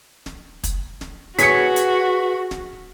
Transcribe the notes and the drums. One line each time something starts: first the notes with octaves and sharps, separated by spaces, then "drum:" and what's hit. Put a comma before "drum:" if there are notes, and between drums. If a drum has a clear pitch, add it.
drum: snare
drum: kick, hi-hat
drum: snare
F#4 G#4 B4 C#5 G#5 B6 C#7, drum: hi-hat
drum: hi-hat
drum: snare